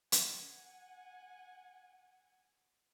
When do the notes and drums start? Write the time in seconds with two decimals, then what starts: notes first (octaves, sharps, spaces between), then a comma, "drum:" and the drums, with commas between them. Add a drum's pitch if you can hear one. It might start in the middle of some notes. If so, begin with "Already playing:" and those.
0.12 F#5 G#5, drum: hi-hat